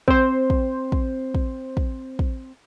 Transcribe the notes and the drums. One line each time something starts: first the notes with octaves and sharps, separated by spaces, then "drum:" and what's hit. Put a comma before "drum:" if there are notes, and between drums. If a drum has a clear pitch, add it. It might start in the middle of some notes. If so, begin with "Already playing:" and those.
C4 C5, drum: kick
drum: kick
drum: kick
drum: kick
drum: kick
drum: kick